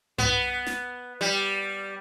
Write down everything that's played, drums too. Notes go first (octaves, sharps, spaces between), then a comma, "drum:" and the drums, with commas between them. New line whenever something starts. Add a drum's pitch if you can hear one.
B3, drum: tom G2
drum: snare
G3